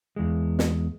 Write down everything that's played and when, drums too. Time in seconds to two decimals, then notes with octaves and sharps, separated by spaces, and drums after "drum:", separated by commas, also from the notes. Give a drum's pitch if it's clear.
0.16 E2 G#3
0.59 drum: snare